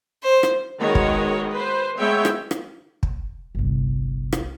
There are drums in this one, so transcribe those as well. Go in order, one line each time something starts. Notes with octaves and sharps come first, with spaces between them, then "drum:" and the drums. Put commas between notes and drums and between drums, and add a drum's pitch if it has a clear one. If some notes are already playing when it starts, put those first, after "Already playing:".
C5
drum: rim click
D#3 G#3 B3 F#4 C#5 D#5
drum: kick
B4 C5
G#3 B3 C#5 E5 G5
drum: rim click
drum: rim click
drum: kick
G1 C2
drum: rim click